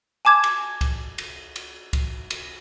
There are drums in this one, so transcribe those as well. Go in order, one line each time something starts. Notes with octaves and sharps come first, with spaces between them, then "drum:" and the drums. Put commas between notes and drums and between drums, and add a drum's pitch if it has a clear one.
G#5 A5 D6 G#6 E7
drum: cymbal
drum: kick C#2, cymbal
drum: cymbal
drum: cymbal
drum: kick C#2, cymbal
drum: cymbal